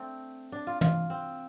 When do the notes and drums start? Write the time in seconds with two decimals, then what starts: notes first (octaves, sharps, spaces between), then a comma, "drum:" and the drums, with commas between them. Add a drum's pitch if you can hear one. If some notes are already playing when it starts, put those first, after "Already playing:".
Already playing: A3 C4 D4
0.52 D4
0.67 F4
0.81 F4, drum: tom
1.10 C4